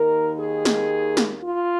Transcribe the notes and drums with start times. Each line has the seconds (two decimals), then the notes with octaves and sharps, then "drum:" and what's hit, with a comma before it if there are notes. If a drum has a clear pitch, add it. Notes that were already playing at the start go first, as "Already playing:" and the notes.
Already playing: D#2 D#3 A#4
0.40 G#4
0.65 drum: snare
1.17 drum: snare
1.43 F4